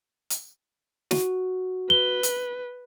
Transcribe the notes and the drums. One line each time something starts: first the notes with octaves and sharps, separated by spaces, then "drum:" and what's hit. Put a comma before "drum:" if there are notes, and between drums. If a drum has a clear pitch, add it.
drum: hi-hat
F#4, drum: snare
B4 G7
drum: hi-hat